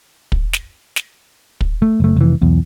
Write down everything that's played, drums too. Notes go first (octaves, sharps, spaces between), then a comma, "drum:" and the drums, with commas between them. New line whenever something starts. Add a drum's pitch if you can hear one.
drum: kick
drum: snare
drum: snare
drum: kick
A3
F#1 A3
F1 E3
B1 E2